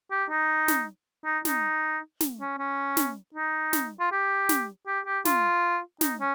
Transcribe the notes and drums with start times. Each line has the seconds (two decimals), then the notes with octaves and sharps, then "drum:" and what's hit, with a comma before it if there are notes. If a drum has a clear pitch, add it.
0.11 G4
0.29 D#4
0.68 drum: snare
1.25 D#4
1.45 D#4, drum: snare
2.20 drum: snare
2.40 C#4
2.58 C#4
2.97 drum: snare
3.34 D#4
3.73 drum: snare
4.00 F4
4.11 G4
4.49 drum: snare
4.87 G4
5.06 G4
5.25 F4, drum: snare
6.01 D#4, drum: snare
6.20 C#4